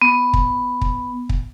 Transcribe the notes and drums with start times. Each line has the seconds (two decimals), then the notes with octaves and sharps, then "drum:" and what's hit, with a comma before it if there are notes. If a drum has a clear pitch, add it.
0.02 B3
0.34 drum: kick
0.81 drum: kick
1.29 drum: kick